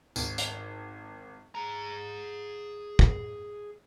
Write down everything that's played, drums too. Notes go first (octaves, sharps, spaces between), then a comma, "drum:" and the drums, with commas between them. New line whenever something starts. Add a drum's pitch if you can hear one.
G#1, drum: tambourine
drum: hi-hat
G#4 A#5
drum: kick